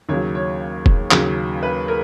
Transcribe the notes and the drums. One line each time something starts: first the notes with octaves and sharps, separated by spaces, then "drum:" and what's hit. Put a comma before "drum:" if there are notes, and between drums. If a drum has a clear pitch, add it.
D#2 C#3 F#3 C#5
C#5
drum: kick F1
D#2 C#3 F#3, drum: clap
B4
A#4